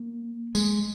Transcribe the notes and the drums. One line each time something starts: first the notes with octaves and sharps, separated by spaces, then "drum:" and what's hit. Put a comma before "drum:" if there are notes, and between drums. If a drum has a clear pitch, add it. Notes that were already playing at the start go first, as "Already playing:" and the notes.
Already playing: A#3
G#3, drum: tambourine